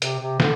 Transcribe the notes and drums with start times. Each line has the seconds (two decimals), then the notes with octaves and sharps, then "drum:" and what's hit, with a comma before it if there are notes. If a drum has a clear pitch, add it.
0.02 C3, drum: hi-hat
0.20 C3
0.40 D3, drum: snare